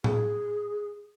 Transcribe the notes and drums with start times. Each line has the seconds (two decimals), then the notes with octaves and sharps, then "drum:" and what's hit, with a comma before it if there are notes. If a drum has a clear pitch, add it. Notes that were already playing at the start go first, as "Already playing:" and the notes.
0.04 G#4, drum: tom A2